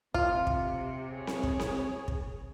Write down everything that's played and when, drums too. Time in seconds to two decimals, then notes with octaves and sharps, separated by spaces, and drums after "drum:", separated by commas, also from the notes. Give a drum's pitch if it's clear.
0.14 C3 F4, drum: kick
0.47 drum: kick
1.14 G#4 C#5
1.27 drum: snare C4
1.43 drum: kick
1.60 drum: snare C4
2.08 drum: kick